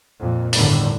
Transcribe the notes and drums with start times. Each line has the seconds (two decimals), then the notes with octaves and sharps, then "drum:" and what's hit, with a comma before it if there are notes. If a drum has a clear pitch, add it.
0.18 F2 A#2
0.53 G1 E2 A2 D3 D#3 G3, drum: open hi-hat